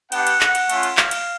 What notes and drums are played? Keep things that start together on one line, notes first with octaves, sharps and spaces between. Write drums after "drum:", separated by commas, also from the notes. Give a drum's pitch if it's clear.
B3 D4 G4 F#5, drum: cymbal
drum: cymbal
drum: clap
drum: cymbal
A3 C#4 F4, drum: cymbal
drum: cymbal
F5, drum: clap
drum: cymbal